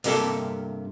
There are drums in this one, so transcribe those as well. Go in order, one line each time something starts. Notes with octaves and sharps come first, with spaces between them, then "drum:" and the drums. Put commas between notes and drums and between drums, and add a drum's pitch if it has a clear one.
G2 C3 A#3 G4 A4 A5, drum: open hi-hat